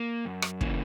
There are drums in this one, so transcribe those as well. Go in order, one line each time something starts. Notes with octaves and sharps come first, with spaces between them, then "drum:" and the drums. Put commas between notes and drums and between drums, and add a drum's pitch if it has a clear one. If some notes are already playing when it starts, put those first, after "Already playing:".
Already playing: A#3
F#2
drum: rim click
C#3 E3 A#3, drum: kick